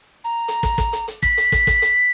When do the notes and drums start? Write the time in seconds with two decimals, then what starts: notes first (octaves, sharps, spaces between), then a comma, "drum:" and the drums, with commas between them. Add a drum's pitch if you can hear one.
0.24 A#5
0.48 drum: hi-hat
0.63 drum: kick, hi-hat
0.78 drum: kick, hi-hat
0.93 drum: hi-hat
1.08 drum: hi-hat
1.23 B6, drum: kick
1.37 drum: hi-hat
1.52 drum: kick, hi-hat
1.67 drum: kick, hi-hat
1.82 drum: hi-hat